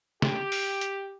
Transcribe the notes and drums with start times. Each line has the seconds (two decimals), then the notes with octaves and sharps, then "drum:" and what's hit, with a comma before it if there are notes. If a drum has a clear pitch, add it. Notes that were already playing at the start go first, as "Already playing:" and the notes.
0.22 G4, drum: snare
0.52 drum: open hi-hat
0.81 drum: hi-hat